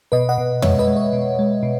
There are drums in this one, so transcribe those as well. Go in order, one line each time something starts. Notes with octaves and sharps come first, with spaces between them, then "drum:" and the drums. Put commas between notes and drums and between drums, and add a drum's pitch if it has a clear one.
B2 B4 D#5
D#5 F#5
B2
G#3 C#5 E5, drum: tom
B4 D#5
G#3
C#5
B2
G#3
B2